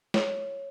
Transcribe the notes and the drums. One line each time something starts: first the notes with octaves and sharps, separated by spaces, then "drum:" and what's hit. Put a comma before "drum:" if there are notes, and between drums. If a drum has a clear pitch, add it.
C#5, drum: snare